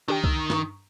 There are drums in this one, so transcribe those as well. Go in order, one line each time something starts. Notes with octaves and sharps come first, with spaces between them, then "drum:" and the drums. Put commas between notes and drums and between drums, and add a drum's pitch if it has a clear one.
D#3 D4 G4 G5
E6, drum: kick C2
G2 A#5 C#6, drum: snare